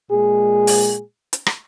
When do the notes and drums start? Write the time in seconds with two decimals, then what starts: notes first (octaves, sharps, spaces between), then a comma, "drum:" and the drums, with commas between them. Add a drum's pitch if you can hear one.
0.10 A#2 G#3 G#4
0.67 drum: open hi-hat
1.33 drum: hi-hat
1.46 drum: rim click